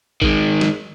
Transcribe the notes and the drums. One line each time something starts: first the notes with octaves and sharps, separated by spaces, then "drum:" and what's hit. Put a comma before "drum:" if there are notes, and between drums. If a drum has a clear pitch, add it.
D#3 G#3, drum: kick A1
drum: snare